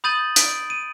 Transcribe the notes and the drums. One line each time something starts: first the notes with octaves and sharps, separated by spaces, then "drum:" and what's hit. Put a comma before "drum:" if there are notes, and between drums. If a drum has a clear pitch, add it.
B5 D#6 G6 A6 D#7 F#7
D7, drum: hi-hat
D#7